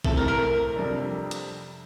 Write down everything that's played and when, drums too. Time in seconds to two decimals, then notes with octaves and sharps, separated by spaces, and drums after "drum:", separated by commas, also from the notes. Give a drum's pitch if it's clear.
0.05 C3 E3 A3 C4 A4, drum: kick
0.17 A#4
0.28 A#4
0.75 F2 C3 G3 D4 A4
1.31 drum: hi-hat